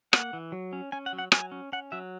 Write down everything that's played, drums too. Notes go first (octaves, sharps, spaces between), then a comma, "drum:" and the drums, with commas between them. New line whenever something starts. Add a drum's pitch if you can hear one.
A#3 F#5, drum: rim click
E3
F#3
C#4
C#4 G#5
F#5
F#3
F#5
F#3 G#5, drum: rim click
C#4
C#4 F#5
F#3 E5